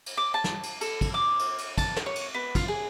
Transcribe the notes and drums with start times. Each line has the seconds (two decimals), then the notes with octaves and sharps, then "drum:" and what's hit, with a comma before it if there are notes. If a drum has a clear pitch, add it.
0.06 drum: cymbal
0.17 D6
0.34 A5
0.44 drum: snare
0.63 drum: cymbal
0.81 A4, drum: cymbal
1.01 drum: kick, cymbal
1.14 D6
1.39 drum: cymbal
1.58 drum: cymbal
1.78 A5, drum: kick, cymbal
1.96 drum: snare
2.06 C#5
2.15 drum: cymbal
2.35 B3
2.55 F4, drum: kick, cymbal
2.68 G#4